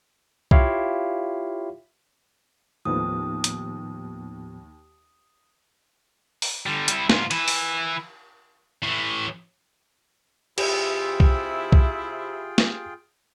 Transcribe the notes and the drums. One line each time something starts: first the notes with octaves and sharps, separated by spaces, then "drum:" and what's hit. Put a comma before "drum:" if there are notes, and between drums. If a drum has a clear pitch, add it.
E4 F4 G4 C#5 F5, drum: kick B1
D#2 A2 F3 B3 D#6
drum: hi-hat
drum: open hi-hat
D3 G3
G3 E4, drum: hi-hat
G#2 F4, drum: snare
E3 E4, drum: cymbal
drum: open hi-hat
A2 E3
C3 E4 F4 G4 G#4 E5 G5, drum: cymbal
drum: kick B1
drum: kick B1
drum: snare